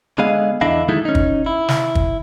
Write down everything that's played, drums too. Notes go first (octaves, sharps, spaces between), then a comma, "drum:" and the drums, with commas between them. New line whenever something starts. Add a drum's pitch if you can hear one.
D3 G#3 B3 G#4 D#5 F5
E2 D3 D4 E4 D#5 F5
D#3 F#3 G#3 A3 D#4 E4
C#4 D#4
drum: kick
E4
drum: snare
drum: kick